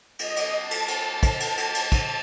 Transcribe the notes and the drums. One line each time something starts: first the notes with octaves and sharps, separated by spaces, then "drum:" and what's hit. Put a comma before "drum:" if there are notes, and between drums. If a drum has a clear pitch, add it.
D#5, drum: cymbal
drum: cymbal
A5
drum: cymbal
drum: cymbal
drum: kick, cymbal
drum: cymbal
drum: cymbal
drum: cymbal
drum: kick, cymbal